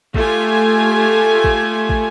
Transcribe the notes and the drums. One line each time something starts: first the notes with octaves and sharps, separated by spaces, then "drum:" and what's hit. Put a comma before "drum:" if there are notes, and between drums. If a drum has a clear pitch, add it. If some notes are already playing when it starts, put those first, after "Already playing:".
A3 F4 G4 G#5, drum: kick
drum: kick
drum: kick